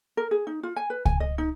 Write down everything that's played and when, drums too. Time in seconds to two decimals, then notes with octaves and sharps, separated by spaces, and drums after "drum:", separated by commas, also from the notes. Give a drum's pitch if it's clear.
0.17 A#4
0.31 G#4
0.47 D#4
0.63 F4
0.76 G#5
0.90 B4
1.05 G#5, drum: kick C#2
1.20 D#5
1.38 D#4